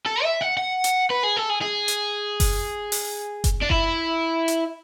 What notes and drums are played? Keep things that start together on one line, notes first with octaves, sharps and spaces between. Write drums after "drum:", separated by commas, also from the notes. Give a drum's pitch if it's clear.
A4
E5
F#5
F#5
drum: hi-hat
B4
G#4
A4
G#4
G#4
drum: hi-hat
drum: kick F#1, open hi-hat
drum: open hi-hat
drum: kick F#1, hi-hat
D4
E4, drum: kick F#1
drum: hi-hat